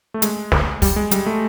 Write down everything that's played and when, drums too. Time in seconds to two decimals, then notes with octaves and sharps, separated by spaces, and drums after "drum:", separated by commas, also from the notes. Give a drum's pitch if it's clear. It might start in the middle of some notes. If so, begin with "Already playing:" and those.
0.14 A3
0.22 G#3, drum: hi-hat
0.52 drum: snare
0.82 G3, drum: kick, open hi-hat
0.96 G#3
1.11 G3, drum: hi-hat
1.26 A3